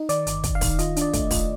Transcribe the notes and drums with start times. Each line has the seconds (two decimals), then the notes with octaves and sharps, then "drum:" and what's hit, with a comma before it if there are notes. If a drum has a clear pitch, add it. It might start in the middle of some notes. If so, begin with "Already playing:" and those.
Already playing: D#4
0.09 D#3 D5, drum: hi-hat
0.27 G1, drum: hi-hat
0.44 G1, drum: kick, hi-hat
0.55 F5
0.61 D#3, drum: kick, open hi-hat
0.79 F4 D#5, drum: hi-hat
0.96 D4, drum: hi-hat
1.01 D5
1.13 A3, drum: kick, hi-hat
1.31 F4, drum: kick, open hi-hat